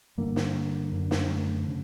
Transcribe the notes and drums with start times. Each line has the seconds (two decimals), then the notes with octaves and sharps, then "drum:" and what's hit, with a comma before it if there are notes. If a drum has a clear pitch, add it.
0.18 G2 D3 A#3
0.36 drum: snare
0.92 F#2 D3
1.11 drum: snare
1.30 A3
1.68 C#3